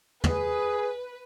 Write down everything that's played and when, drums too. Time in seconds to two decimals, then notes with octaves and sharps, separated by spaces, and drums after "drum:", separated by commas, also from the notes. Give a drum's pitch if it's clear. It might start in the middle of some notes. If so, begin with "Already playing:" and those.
0.24 G#4 B4, drum: tom